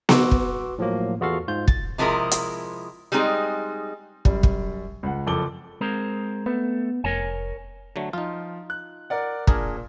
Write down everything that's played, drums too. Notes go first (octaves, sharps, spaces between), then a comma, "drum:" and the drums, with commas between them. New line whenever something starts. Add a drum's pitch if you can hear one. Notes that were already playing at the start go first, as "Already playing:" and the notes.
F#4 B4 C6 D6 E6, drum: snare B3
drum: kick
A2 F3 F#3 A#3
E2 B3 F4 F#4 A4 F5
G#2 F4 G6
A6, drum: kick
C3 F3 G#3 E4 A#4
drum: hi-hat
G3 G#3 C4 D#4 G#4
F#2 G3, drum: kick
drum: kick
C#2 F#5
F#1 F2 A4 D6 G7
G#3 C4 A#4
A3 B3
F1 A#4 C#5 G#5
D3 F#3 A3
F3 D#4 F4
F#6
A#4 D5 F#5
A#2 D4 G#4 A#4, drum: kick